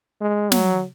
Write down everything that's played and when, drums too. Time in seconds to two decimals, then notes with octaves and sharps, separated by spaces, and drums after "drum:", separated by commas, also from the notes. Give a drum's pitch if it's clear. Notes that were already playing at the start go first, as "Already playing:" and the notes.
0.21 G#3
0.52 F#3, drum: snare